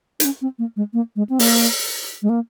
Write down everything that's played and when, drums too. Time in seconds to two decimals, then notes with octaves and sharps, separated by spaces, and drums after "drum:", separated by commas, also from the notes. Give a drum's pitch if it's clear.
0.20 D#4, drum: hi-hat
0.25 C#4
0.42 C4
0.59 A#3
0.76 G#3
0.93 A#3
1.16 G#3
1.29 C4
1.39 A#3, drum: open hi-hat
2.22 G#3
2.29 A#3